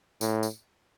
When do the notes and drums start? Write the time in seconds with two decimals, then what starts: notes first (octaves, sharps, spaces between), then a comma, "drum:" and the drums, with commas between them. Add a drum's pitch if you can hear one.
0.21 A2, drum: tambourine
0.43 drum: tambourine